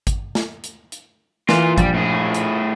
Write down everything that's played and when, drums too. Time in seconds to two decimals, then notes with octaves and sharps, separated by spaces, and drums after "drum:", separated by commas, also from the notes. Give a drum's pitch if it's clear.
0.07 drum: kick, hi-hat
0.35 drum: snare
0.64 drum: hi-hat
0.92 drum: hi-hat
1.49 A#2 E3 F4, drum: snare
1.78 A#1 G3, drum: kick, hi-hat
1.94 A2 G#4
2.34 drum: hi-hat